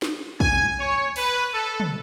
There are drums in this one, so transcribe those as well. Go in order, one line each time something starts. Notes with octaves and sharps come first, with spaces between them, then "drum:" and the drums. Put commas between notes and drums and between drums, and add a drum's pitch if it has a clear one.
drum: snare
G#5, drum: kick
C#5
B4, drum: open hi-hat
A4
drum: tom